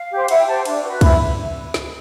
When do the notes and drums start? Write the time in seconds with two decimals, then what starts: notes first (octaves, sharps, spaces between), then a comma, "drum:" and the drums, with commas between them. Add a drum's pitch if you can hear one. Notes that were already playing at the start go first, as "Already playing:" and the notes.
Already playing: F5
0.11 G4 C5
0.28 E4 F#5, drum: cymbal
0.38 G5
0.46 G4 C5 A5
0.65 D4, drum: cymbal
0.83 F#4 B4
1.01 E4 B5, drum: kick, cymbal
1.74 drum: snare